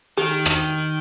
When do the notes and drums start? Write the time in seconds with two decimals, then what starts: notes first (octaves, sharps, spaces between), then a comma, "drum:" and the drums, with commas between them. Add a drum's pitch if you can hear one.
0.17 D#3 G4
0.45 drum: rim click